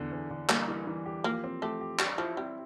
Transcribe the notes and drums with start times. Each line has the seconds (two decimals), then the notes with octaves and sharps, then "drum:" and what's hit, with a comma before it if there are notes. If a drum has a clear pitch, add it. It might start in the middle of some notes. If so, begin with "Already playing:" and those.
Already playing: E2 D3
0.12 E2
0.30 D3
0.49 G3 A#3, drum: clap
0.68 E3
0.87 E3
1.06 G4
1.24 F3 A#3
1.44 C4
1.62 A3 G4
1.81 G4
1.99 G3 G4, drum: clap
2.18 F3 E4
2.37 G3 C4